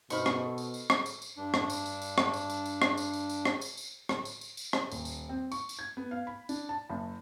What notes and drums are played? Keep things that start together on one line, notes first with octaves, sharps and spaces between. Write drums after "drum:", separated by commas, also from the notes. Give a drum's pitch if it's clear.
G1 B2 B3 D#4 C5 B5 C#6 F6, drum: tambourine
drum: rim click
A4
drum: tambourine
drum: tambourine
drum: rim click
drum: tambourine
drum: tambourine
G2 D4
drum: rim click
drum: tambourine
drum: tambourine
drum: tambourine
drum: rim click
drum: tambourine
drum: tambourine
drum: tambourine
drum: rim click
drum: tambourine
drum: tambourine
drum: tambourine
drum: rim click
drum: tambourine
drum: tambourine
drum: rim click
drum: tambourine
drum: tambourine
drum: tambourine
drum: rim click
D#1, drum: tambourine
drum: tambourine
C4
C#6, drum: tambourine
drum: tambourine
G#6
B3
F5
B5
D4, drum: tambourine
A5
F#1